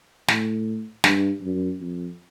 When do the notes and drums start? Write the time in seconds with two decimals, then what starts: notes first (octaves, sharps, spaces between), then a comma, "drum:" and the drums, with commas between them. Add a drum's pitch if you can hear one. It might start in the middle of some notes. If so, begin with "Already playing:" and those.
0.28 A2, drum: snare
1.04 G2, drum: snare
1.43 F#2
1.80 F2